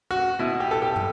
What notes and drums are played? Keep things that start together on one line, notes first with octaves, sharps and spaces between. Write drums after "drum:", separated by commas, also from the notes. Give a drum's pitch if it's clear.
F#4
B2 E4
G4
A4
G4
drum: tom